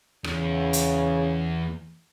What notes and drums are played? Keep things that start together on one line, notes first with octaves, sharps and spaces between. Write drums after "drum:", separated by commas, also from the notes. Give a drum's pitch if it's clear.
E2 C#3, drum: rim click
drum: hi-hat